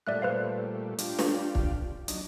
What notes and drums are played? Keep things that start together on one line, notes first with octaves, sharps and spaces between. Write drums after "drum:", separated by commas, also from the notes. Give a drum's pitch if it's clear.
A#2 G3 A3 D5 E5 F#6
B4 C5 F5
D4 F4 G4, drum: hi-hat
drum: snare
drum: kick
F#3 D4 D#4, drum: hi-hat